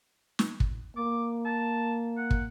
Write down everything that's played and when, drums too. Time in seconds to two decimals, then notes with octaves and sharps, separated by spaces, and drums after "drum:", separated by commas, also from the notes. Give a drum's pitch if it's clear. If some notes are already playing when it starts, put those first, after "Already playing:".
0.39 drum: snare
0.60 drum: kick
0.97 A#3 D6
1.45 A5
2.17 F#5
2.31 drum: kick